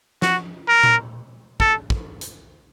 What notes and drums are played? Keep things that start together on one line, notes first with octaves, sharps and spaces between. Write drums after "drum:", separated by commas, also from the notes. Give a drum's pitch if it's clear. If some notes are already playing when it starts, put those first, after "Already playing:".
F#4, drum: snare
A#4
drum: tom A#2
A4, drum: kick
drum: kick
drum: hi-hat